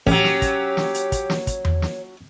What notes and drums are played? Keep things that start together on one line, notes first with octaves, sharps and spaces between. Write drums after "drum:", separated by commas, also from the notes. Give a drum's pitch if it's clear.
A1 F#3 C#4 G4 C#5, drum: kick
drum: snare
drum: kick, hi-hat
drum: snare
drum: hi-hat
drum: kick, hi-hat
drum: snare
drum: kick, hi-hat
drum: tom E2
drum: snare